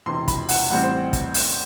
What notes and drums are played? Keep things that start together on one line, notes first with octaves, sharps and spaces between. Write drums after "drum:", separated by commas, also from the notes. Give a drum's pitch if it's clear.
E1 E2 C3 C6
B5, drum: kick, hi-hat
F#5, drum: open hi-hat
A1 A2 G3 C4 F#5
C5
drum: kick, hi-hat
drum: open hi-hat